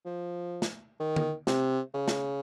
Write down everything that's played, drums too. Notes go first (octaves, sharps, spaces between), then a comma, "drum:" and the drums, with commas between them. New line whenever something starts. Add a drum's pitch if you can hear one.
F3
drum: snare
D#3
drum: tom D3
C3, drum: snare
C#3
drum: snare